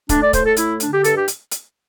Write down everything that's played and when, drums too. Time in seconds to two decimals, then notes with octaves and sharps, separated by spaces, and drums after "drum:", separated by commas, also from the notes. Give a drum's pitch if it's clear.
0.09 A3 D4, drum: kick D1, hi-hat
0.22 D5
0.33 A2 C5, drum: kick D1, hi-hat
0.45 A4
0.57 A3 E4, drum: hi-hat
0.80 D3 D4, drum: hi-hat
0.92 G4
1.04 G2 A4, drum: hi-hat
1.16 G4
1.28 drum: hi-hat
1.52 drum: hi-hat